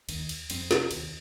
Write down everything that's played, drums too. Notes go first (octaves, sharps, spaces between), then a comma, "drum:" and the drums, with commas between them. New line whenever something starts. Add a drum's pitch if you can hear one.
D#2, drum: cymbal
drum: cymbal
F2 C4, drum: cymbal
C3, drum: snare
D#2, drum: cymbal